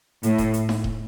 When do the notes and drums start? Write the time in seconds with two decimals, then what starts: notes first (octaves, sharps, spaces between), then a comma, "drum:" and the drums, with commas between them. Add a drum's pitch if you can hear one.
0.23 A2, drum: hi-hat
0.38 drum: kick D#1, hi-hat
0.54 drum: hi-hat
0.69 drum: snare D#4
0.84 drum: kick D#1